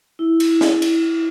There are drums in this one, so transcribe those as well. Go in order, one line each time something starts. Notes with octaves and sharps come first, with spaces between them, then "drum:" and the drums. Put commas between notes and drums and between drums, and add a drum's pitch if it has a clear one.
E4
drum: cymbal
drum: snare
drum: cymbal